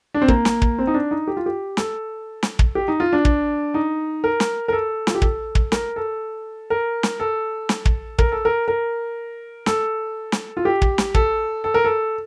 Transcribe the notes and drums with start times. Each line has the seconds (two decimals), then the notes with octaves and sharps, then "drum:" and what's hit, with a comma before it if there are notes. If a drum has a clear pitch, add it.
0.14 D4
0.22 C4
0.28 A#3, drum: kick
0.45 drum: snare
0.62 drum: kick
0.78 C4
0.87 D#4
0.94 D4
1.11 D#4
1.27 G4
1.37 F4
1.46 G4
1.77 A4, drum: snare
2.43 drum: snare
2.59 drum: kick
2.75 G4
2.88 D#4
3.00 F4
3.13 D4
3.25 drum: kick
3.74 D#4
4.24 A#4
4.40 drum: snare
4.68 A#4
4.73 A4
5.07 F4, drum: snare
5.15 G4
5.22 A4, drum: kick
5.55 drum: kick
5.72 A#4, drum: snare
5.96 A4
6.70 A#4
7.03 drum: snare
7.20 A4
7.69 drum: snare
7.85 drum: kick
8.19 A#4, drum: kick
8.32 A4
8.45 A#4
8.68 A#4
9.66 A4, drum: snare
10.32 drum: snare
10.57 F4
10.65 G4
10.82 drum: kick
10.98 drum: snare
11.14 A4, drum: kick
11.64 A4
11.74 A#4
11.85 A4